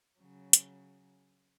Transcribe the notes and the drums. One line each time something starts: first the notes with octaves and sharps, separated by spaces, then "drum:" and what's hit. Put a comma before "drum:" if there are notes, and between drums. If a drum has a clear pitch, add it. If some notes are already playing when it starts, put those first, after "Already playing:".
C#3 F#3
drum: hi-hat